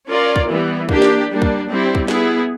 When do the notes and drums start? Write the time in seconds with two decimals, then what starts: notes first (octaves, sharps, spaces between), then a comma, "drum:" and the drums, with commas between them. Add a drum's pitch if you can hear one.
0.09 C#4 F4 A#4 D5
0.36 drum: kick
0.49 E3 G3 B3
0.89 A#3 D4 G4, drum: kick
1.02 drum: snare
1.29 G3 A#3 D4
1.42 drum: kick
1.69 G3 C4 E4
1.95 drum: kick
2.08 B3 E4 G#4, drum: snare